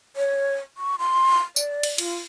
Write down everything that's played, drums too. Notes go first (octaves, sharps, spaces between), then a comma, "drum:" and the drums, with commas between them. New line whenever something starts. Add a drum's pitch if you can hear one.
C#5
C#6
C6
D5, drum: tambourine
drum: cymbal
F4, drum: cymbal